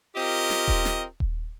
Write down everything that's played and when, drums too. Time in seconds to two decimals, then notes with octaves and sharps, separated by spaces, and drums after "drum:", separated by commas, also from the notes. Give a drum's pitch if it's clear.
0.15 C4 F4 G4 A#4 D#5
0.50 drum: snare
0.68 drum: kick D#1
0.85 drum: snare
1.20 drum: kick D#1